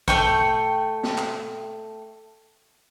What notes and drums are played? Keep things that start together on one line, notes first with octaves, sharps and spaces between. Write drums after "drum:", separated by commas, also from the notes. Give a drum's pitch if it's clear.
A3 C#4 G5 C#6, drum: kick
drum: snare
drum: clap